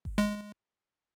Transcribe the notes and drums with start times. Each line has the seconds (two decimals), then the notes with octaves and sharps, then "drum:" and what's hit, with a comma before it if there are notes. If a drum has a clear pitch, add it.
0.05 drum: kick G1
0.18 G#3